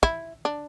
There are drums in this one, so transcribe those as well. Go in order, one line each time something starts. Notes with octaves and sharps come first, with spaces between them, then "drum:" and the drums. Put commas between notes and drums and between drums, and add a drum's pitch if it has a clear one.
E4, drum: kick
D4